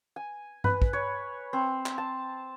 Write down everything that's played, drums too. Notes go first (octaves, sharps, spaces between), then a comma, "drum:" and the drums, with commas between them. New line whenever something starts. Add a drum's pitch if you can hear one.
G#5
B4, drum: tom G2
drum: kick
C#5
C4
drum: clap
A5